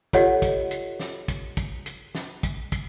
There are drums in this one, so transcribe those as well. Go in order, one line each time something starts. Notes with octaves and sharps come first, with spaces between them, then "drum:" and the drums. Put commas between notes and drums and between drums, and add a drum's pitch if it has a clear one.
F4 G4 A4 C#5 D#5 F#5, drum: kick, hi-hat
drum: kick, hi-hat
drum: hi-hat
drum: snare
drum: kick, hi-hat
drum: kick, hi-hat
drum: hi-hat
drum: snare
drum: kick, hi-hat
drum: kick, hi-hat